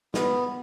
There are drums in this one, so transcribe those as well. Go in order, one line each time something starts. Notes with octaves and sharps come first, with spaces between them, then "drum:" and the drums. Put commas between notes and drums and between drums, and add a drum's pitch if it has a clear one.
B3, drum: snare